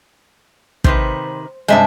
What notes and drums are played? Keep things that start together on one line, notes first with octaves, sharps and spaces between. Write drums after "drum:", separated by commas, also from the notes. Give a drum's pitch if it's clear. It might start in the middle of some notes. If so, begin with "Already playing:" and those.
C3 D#3 B4 C5, drum: kick
G2 C3 G#3 C5 E5